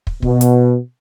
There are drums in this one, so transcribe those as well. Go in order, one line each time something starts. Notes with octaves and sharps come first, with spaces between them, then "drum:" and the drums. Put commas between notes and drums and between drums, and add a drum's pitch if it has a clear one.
drum: kick
B2, drum: kick
drum: hi-hat